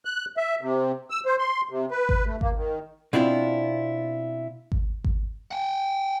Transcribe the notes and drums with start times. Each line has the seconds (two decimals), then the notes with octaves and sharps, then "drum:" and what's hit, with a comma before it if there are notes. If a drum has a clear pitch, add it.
0.05 F#6
0.37 E5
0.61 C3
1.10 E6
1.26 C5
1.39 C6
1.69 C3
1.91 B4
2.09 drum: kick G#1
2.26 A3
2.41 A#3, drum: kick G#1
2.56 D#3
3.13 B2 C4 D4 E4 F4
4.72 drum: kick G#1
5.04 drum: kick G#1
5.51 F#5 G5